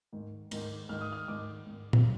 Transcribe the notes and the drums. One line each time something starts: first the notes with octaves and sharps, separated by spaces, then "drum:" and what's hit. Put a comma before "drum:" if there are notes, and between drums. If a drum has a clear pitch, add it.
G#2 D#3
G#2 D#3, drum: cymbal
G#2 D#3 F6
D#6
F6
G#2 D#3 D6
G#2 D#3
drum: tom